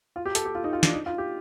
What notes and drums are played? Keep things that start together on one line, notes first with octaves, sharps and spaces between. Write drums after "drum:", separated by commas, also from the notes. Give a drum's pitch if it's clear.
F4
G4
A4, drum: hi-hat
G4
F4
D#4
F4
D4, drum: snare
D#4
F4
G4